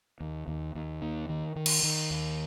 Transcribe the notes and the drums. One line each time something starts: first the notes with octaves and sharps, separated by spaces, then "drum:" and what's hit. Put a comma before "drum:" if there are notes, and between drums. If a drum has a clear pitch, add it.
D#2
D#2
D#2
D#3
D#3
D#3
drum: cymbal
D#3
D#2